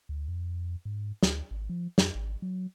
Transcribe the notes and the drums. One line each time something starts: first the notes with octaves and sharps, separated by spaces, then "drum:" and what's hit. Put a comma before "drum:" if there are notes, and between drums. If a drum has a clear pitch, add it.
D2
F2
G#2
D2, drum: snare
G#1
F3
F2, drum: snare
G#1
F#3